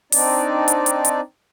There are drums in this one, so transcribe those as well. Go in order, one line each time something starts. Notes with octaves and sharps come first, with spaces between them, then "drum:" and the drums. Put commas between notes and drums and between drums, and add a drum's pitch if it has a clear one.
C4 D4 D#4 D5, drum: open hi-hat
drum: hi-hat
drum: hi-hat
drum: hi-hat